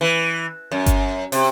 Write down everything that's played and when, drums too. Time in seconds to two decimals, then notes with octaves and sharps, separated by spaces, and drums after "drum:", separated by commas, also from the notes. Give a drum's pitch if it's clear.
0.01 E3
0.72 F#2
0.86 drum: kick G1, hi-hat
1.32 C3, drum: open hi-hat